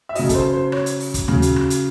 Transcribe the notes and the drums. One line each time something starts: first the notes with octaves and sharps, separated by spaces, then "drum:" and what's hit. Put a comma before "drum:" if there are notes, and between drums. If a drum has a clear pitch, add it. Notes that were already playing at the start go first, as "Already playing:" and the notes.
E5
C#3 F#3 D#5, drum: open hi-hat
A4, drum: kick, hi-hat
C5
C5
C#5, drum: rim click
drum: hi-hat
drum: open hi-hat
drum: kick, hi-hat
C#3 F#3, drum: tom D#2
drum: hi-hat
drum: rim click
drum: hi-hat